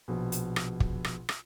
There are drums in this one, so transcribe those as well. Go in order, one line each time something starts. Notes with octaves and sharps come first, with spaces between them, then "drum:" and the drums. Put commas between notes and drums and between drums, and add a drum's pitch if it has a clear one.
A#1 B2
drum: hi-hat
drum: rim click
drum: kick
drum: rim click
drum: rim click